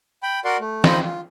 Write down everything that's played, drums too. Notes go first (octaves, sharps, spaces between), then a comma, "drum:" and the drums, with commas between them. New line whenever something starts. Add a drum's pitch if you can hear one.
G5 B5
F#4 A#4 D5 F#5 C6
A3
C4 D#4 F4 C5 D#5 B5, drum: snare E3
F4